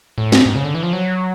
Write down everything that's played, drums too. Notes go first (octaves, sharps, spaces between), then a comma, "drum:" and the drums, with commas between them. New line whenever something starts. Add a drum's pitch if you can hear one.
A2
G#2, drum: snare
G#2
C#3
D3
E3
F3
F#3